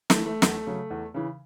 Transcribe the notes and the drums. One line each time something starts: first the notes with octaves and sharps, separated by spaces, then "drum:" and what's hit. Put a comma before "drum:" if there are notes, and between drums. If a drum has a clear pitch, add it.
A3, drum: snare
E3
A3
E2, drum: snare
C#3 F#3
E2
C#3 E3